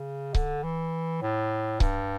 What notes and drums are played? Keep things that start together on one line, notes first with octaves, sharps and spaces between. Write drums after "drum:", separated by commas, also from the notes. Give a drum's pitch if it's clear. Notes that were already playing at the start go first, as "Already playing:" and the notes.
Already playing: C#3
D3, drum: kick C#1
E3
A2
G2, drum: kick C#1